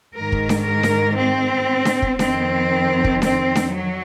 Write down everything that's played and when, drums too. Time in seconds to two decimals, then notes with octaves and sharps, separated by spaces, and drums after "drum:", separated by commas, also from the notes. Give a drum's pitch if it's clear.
0.16 G#2 D#3 A#4
0.32 drum: kick
0.49 drum: snare D4
0.66 A#4
0.83 drum: snare D4
1.17 C4
1.85 drum: snare D4
2.02 drum: kick
2.19 F2 D#3 C4, drum: snare D4
3.04 drum: kick
3.22 C4, drum: snare D4
3.55 drum: snare D4
3.72 F#3